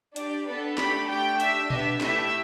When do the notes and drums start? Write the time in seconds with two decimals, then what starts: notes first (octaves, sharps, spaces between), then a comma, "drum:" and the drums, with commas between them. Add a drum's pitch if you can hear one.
0.16 D4 G4 D5, drum: hi-hat
0.47 B3 D4 A4 B4
0.78 A3 D4 G4 B5, drum: snare
1.09 A3 G4 G5
1.40 D4 G4 E5, drum: hi-hat
1.70 B3 D4 G4 E5, drum: tom A#2
2.01 A3 E4 G4 E5, drum: snare